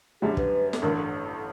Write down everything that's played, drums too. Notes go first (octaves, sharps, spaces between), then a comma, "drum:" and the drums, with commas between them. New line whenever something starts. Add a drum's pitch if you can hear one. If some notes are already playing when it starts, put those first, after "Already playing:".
F#2 D3 G3 G#4
B4, drum: kick
A4, drum: snare
A1 G2 D3 A#4
A4